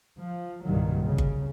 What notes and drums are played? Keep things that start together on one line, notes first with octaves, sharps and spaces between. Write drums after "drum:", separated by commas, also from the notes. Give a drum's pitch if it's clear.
F3
C2 G2 A#2 D#3 F#3 G3
C#3
drum: kick G1